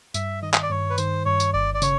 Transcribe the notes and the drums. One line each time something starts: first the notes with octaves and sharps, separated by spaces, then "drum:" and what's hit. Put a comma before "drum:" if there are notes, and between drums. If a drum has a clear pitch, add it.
G2 E5, drum: tambourine
D#3 D#5
D#5, drum: clap
D5
G2 C#5
B4
D#3 C5, drum: tambourine
G2 C#5
drum: tambourine
G1 D5
D5
C#3 C#5, drum: tambourine